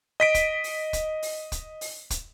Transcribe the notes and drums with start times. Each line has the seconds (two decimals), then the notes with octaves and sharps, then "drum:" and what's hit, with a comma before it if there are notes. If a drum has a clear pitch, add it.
0.20 D#5 B6 D7
0.34 drum: kick, hi-hat
0.64 drum: open hi-hat
0.93 drum: kick, hi-hat
1.22 drum: open hi-hat
1.52 drum: kick, hi-hat
1.81 drum: open hi-hat
2.10 drum: kick, hi-hat